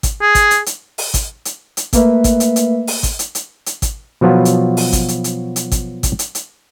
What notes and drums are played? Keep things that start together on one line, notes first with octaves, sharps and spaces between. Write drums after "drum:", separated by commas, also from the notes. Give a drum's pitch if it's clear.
drum: kick, hi-hat
G#4
drum: kick, hi-hat
drum: hi-hat
drum: hi-hat
drum: open hi-hat
drum: kick, hi-hat
drum: hi-hat
drum: hi-hat
A3 A#3 B4 E5, drum: kick, hi-hat
drum: kick, hi-hat
drum: hi-hat
drum: hi-hat
drum: open hi-hat
drum: kick, hi-hat
drum: hi-hat
drum: hi-hat
drum: hi-hat
drum: kick, hi-hat
B2 F3 F#3 B3 F4 F#4
drum: hi-hat
drum: open hi-hat
drum: kick, hi-hat
drum: hi-hat
drum: hi-hat
drum: hi-hat
drum: kick, hi-hat
drum: kick, hi-hat
drum: hi-hat
drum: hi-hat